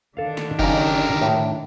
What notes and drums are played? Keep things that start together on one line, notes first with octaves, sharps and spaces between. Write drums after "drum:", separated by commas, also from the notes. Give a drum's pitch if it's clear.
D3 D#3 D4 A4 F5
drum: snare
C#3 F#3 D#4 G4 A#4, drum: kick F#1
A2